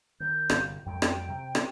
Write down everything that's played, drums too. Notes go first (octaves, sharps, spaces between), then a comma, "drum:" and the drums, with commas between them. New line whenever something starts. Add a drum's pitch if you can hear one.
D#3 G6
G1 C3, drum: rim click
F2 F#3 G#3 G5
drum: rim click
C3
drum: rim click